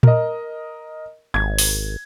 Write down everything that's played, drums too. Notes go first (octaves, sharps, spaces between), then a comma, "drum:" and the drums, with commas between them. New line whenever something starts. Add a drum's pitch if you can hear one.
A#4 D#5, drum: tom
G#1 G#6
drum: open hi-hat